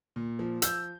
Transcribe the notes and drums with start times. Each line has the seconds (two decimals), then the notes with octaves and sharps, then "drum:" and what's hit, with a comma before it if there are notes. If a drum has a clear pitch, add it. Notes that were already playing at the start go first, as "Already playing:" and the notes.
0.16 A#2
0.39 F3
0.62 F3 E6 G6, drum: hi-hat